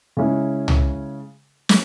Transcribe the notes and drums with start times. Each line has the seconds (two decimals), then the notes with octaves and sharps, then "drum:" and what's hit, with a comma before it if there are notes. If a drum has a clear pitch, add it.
0.17 C#3 G#3 C#4 E4
0.68 drum: tom
1.69 drum: snare